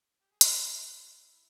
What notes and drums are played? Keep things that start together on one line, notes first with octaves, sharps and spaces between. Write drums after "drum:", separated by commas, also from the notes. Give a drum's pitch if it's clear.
G4
G#4
A4, drum: hi-hat
A#4
G#4
G4
F4
E4
E4